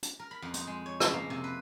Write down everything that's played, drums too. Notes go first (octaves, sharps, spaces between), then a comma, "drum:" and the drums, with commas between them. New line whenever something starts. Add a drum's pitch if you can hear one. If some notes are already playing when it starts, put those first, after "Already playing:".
drum: hi-hat
A#4
B5
F2
D#4, drum: hi-hat
G#3
C#5
C#3, drum: rim click
A#3
C3
B4